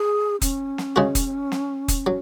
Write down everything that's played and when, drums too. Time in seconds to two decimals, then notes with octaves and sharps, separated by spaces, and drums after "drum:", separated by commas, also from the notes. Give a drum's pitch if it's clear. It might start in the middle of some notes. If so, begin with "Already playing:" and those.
Already playing: G#4
0.41 C#4, drum: kick, hi-hat
0.78 drum: snare
0.96 C#3 G#3 F#4
1.15 drum: kick, hi-hat
1.52 drum: snare
1.88 drum: kick, hi-hat
2.06 F#3